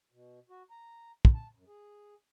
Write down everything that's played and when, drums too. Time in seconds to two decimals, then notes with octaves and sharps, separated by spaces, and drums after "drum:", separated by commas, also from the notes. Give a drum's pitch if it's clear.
0.12 B2
0.50 F#4
0.70 A#5
1.25 drum: kick
1.34 A5
1.55 F#2
1.67 G#4